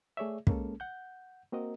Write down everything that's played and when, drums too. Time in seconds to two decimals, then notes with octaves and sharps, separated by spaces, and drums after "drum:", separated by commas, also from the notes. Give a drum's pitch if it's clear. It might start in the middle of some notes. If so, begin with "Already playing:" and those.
0.17 A3 G#4 C#5 D5 E5
0.47 G#3 A#3 C#4 A4, drum: kick
0.80 F#5 G6
1.53 A#3 C4 F#4 A#4 D#5